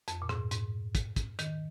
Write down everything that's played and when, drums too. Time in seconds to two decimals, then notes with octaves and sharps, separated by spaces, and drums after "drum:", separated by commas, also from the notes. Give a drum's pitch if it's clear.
0.08 F2, drum: hi-hat
0.22 A#2
0.29 G#2, drum: rim click
0.51 G#2, drum: hi-hat
0.95 drum: kick, hi-hat
1.16 drum: kick, hi-hat
1.39 D#3, drum: hi-hat